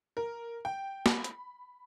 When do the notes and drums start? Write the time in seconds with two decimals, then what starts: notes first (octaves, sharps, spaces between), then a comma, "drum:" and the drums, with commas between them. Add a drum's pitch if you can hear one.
0.17 A#4
0.65 G5
1.06 B5, drum: snare
1.24 drum: hi-hat